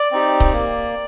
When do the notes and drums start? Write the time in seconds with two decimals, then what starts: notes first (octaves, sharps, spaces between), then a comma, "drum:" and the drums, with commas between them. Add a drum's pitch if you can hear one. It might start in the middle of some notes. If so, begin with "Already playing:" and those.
Already playing: D5
0.11 C4 D#4 G4
0.40 drum: kick C#1
0.53 A#3